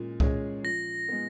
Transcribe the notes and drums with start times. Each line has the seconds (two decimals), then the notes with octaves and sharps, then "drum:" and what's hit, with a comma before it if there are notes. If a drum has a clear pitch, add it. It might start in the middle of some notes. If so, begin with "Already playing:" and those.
Already playing: A#2 G#3 C#4
0.20 G#3 C#4 G#4 C#5, drum: kick C2
0.64 F3 A#6
1.08 G#3 B3